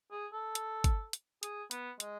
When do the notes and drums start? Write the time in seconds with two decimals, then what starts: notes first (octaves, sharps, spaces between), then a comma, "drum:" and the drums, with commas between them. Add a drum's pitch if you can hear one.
0.12 G#4
0.33 A4
0.55 drum: hi-hat
0.84 drum: kick, hi-hat
1.13 drum: hi-hat
1.43 G#4, drum: hi-hat
1.71 B3, drum: hi-hat
2.00 G#3, drum: hi-hat